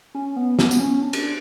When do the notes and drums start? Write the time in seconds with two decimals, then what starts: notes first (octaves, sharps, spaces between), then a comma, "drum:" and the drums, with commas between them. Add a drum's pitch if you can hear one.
0.15 C#4
0.36 B3
0.59 B3, drum: snare
0.71 B3, drum: tambourine
0.80 C#4
1.02 D4
1.13 drum: cymbal